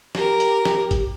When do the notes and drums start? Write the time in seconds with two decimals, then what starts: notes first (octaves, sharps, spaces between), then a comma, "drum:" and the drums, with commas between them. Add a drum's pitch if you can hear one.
0.15 G4 A#4, drum: snare
0.40 drum: hi-hat
0.65 drum: snare
0.91 drum: kick G1, hi-hat